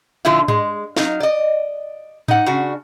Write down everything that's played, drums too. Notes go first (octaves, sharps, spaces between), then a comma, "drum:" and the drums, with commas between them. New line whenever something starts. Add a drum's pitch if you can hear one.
A#2 D3 F3 E4 F4
G#3, drum: tom G#2
F#3 D#4 F5, drum: snare
D5 D#5
D#4 F#5, drum: tom G#2
C#3 D4 F#4